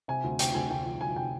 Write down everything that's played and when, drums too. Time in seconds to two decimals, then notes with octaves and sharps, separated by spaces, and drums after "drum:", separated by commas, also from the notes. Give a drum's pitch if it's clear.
0.08 C3 G#5
0.24 D2
0.39 C3 G5, drum: hi-hat
0.54 D2 G#5
0.71 D2 G5
0.86 F3
1.01 D2 G#5
1.16 C3 G5